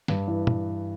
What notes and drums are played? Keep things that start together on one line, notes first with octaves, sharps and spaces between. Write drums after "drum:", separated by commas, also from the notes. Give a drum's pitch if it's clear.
G2, drum: snare
E3
drum: tom